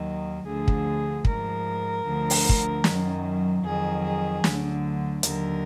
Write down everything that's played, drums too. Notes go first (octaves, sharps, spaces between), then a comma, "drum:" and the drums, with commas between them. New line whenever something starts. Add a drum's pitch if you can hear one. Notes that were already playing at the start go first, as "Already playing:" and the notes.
Already playing: D#2 D#3 F#3
D2 D3 F3 G#4
drum: kick
G#2 F3 A#4, drum: kick
D2 D3 F3
drum: open hi-hat
drum: kick
F#2 D#3 F#3, drum: snare
F2 D#3 F#3 G#4
G#4
D2 D3 F#3, drum: snare
D#2 D3 F#3 A#4, drum: hi-hat